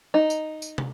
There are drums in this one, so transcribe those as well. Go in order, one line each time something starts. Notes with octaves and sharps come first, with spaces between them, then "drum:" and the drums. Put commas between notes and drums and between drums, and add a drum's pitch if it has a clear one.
D#4
drum: tambourine
drum: tambourine
drum: tom